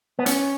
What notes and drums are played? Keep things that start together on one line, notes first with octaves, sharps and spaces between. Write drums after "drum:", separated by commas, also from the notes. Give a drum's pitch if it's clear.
B3
C#4, drum: hi-hat